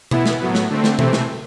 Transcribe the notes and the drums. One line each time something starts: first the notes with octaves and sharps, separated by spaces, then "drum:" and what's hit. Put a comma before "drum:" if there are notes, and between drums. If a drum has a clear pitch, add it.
E3 B3 E4, drum: tom B2
drum: snare
A2 F#3 B3
drum: snare
D3 A3 C4
drum: snare
C3 E3 A3 C4, drum: tom B2
drum: snare